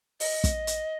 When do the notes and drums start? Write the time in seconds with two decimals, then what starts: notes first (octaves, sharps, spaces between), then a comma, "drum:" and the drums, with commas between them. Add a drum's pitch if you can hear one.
0.20 D#5, drum: open hi-hat
0.44 drum: kick, hi-hat
0.67 drum: hi-hat